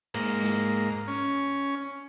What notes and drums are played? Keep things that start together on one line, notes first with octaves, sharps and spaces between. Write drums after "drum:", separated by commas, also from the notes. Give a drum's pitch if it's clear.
G#2 A#3, drum: cymbal
drum: snare
C#4